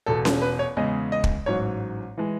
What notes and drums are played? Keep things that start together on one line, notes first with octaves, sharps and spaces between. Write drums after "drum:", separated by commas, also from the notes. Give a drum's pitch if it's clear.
E1 E2 B2 A4
drum: snare C#4
B4
C#5
E2 C#3 G#3 D#5
D#5
drum: kick
A1 G#2 F#3 C#5
E3 G#3